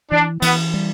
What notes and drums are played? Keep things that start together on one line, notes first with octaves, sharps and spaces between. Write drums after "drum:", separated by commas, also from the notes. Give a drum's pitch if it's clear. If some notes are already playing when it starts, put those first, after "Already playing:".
E3 D4
E3 B3, drum: cymbal
G3